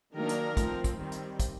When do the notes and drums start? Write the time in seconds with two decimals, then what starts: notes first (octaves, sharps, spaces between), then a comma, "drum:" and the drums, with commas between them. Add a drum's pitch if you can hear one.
0.15 D#3 F#3 A#3 D4 A#4
0.29 drum: hi-hat
0.57 F3 A3 C4, drum: kick, hi-hat
0.84 drum: kick, hi-hat
0.98 D#3 G3 C4
1.12 drum: hi-hat
1.40 drum: kick, hi-hat